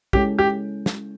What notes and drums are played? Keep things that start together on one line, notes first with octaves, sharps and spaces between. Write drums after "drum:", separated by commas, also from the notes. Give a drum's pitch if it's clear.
G#3 C#4 E4 G4 A4, drum: kick
G4
drum: snare